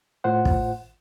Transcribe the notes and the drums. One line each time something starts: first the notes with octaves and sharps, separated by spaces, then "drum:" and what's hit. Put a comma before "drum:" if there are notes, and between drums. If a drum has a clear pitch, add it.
A2 F4 C5 F#5
drum: kick